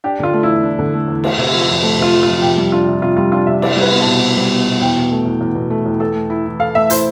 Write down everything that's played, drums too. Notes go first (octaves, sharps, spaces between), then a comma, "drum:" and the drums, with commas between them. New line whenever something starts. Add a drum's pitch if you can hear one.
D4 G4
D3 F4
A3
E2 E4
D4
D3
A3
E2
A3, drum: cymbal
C3
F3
F2
A3
C3 F4
F3
F2 F4
C3 G4
G3
D4 F4
C3
C3 F4
G3 F4
D4 F4
C3 E5
E4 D5, drum: cymbal
G3
B4
B3
B2 A5
E4
G3
B3
B2
E2 G5
B2
A3
E2
E2
B2
A3
E2
A4
A3
E4
E3
A4 F5
A3 E5
E4 C5, drum: hi-hat